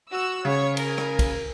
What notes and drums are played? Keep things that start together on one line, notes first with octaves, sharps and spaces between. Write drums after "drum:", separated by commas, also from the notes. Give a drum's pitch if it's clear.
F#4 E6
C#3 C#5
A#4 G#5, drum: cymbal
drum: rim click
drum: kick, cymbal